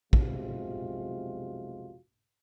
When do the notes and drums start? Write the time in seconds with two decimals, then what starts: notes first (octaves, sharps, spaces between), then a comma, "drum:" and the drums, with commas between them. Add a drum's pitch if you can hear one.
0.13 B1 F2 C3 G#3 F4 F#4, drum: kick